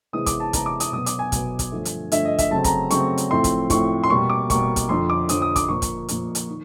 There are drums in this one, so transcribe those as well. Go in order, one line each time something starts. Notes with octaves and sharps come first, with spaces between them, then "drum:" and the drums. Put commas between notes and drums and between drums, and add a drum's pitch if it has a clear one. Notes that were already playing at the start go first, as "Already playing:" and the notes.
C3 E3 G#3 B3 D#6
D6, drum: kick, hi-hat
A5
C3 E3 G#3 B3 A#5, drum: kick, hi-hat
D6
D#6, drum: hi-hat
B2 F#3 B3 D#6
D6, drum: hi-hat
G#5
B2 F#3 B3, drum: kick, hi-hat
drum: kick, hi-hat
G2 D3 F3 A3
drum: hi-hat
G2 D3 F3 A3 E5, drum: hi-hat
D#5
E5, drum: kick, hi-hat
C#3 F#3 A3 C4 A5
A#5, drum: kick, hi-hat
C#3 F#3 A3 C4 C#6, drum: hi-hat
drum: hi-hat
A2 F3 A3 C4 C6
drum: kick, hi-hat
A2 F3 A3 C4 C#6, drum: kick, hi-hat
C6
B2 G3 A#3 C#6
D6
B2 G3 A#3 C#6, drum: kick, hi-hat
drum: kick, hi-hat
F2 D3 F3 C6
D6
F2 D3 F3 D#6, drum: hi-hat
D#6
D6, drum: kick, hi-hat
A#2 F3 A#3 C#6
drum: kick, hi-hat
A#2 F3 A#3, drum: hi-hat
drum: hi-hat
D#3